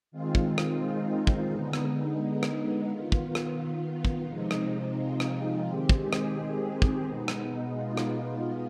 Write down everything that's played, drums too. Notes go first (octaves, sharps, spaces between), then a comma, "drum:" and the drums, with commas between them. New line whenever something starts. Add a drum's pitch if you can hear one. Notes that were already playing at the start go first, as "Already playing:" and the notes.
D#3 G#3 C4 F4
drum: kick
drum: rim click
D#4
drum: kick
D3 G#3 B3 D#4
drum: rim click
drum: rim click
D#3 B3 F4
drum: kick
drum: rim click
F4
F4
drum: kick
C3 F3 G#3 C4 D#4
drum: rim click
F4
drum: rim click
D#3 G#3 C4 G4
drum: kick
G#4
drum: rim click
G4
drum: kick
B2 G#3 B3 D#4
drum: rim click
F4
drum: rim click